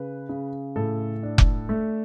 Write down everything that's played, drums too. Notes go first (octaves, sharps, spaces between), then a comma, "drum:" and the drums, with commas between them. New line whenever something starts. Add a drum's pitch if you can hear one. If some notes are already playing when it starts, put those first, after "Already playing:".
Already playing: C#3 B4
C#3
A2 A4
D4
drum: kick F1
A3